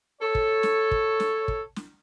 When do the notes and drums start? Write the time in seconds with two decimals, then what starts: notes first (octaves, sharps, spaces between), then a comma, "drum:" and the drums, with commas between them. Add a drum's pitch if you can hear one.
0.21 A4 C#5
0.35 drum: kick
0.63 drum: snare
0.91 drum: kick
1.20 drum: snare
1.48 drum: kick
1.76 drum: snare